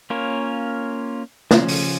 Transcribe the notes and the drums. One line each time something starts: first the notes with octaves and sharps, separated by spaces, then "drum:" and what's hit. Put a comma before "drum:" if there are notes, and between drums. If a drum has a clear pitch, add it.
A#3 C#4 F4 A#4 C#5
C#3 F3 C#4, drum: snare
drum: open hi-hat